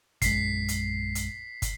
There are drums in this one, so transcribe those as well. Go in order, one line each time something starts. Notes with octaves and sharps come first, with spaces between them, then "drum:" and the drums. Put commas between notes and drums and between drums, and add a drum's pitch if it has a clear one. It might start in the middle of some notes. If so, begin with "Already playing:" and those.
A#1 F#2 G#3 B6 C7, drum: kick, hi-hat
drum: hi-hat
drum: hi-hat
drum: kick, hi-hat